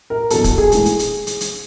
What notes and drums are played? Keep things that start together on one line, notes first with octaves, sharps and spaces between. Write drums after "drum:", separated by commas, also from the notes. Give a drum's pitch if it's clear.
A#4
E2 B2 F#3 A4, drum: hi-hat
A4, drum: kick, hi-hat
G#4
A2 E3 G#3 G#4, drum: hi-hat
drum: hi-hat
drum: hi-hat
drum: hi-hat
drum: hi-hat